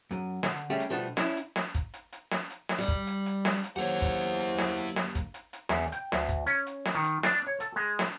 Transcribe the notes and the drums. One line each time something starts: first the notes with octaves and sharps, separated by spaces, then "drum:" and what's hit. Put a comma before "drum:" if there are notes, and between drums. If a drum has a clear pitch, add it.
F#2
D3, drum: snare
G3 A3 C#4 G4 G#4 E5
drum: hi-hat
B2 F3 G3 A3 B3 D4
C#4 D4 E4, drum: snare
drum: hi-hat
drum: snare
drum: kick, hi-hat
drum: hi-hat
drum: hi-hat
drum: snare
drum: hi-hat
drum: snare
G3
drum: kick, hi-hat
drum: hi-hat
drum: hi-hat
drum: snare
drum: hi-hat
F#2 D3 A#3 E4 G4 C5 C#5 F#5
drum: kick, hi-hat
drum: hi-hat
drum: hi-hat
drum: snare
drum: hi-hat
drum: snare
drum: kick, hi-hat
drum: hi-hat
drum: hi-hat
E2, drum: snare
G5, drum: hi-hat
D2, drum: snare
drum: kick, hi-hat
C#4, drum: hi-hat
drum: hi-hat
drum: snare
D#3
drum: hi-hat
D4, drum: snare
C#5
A4, drum: hi-hat
G#3
drum: snare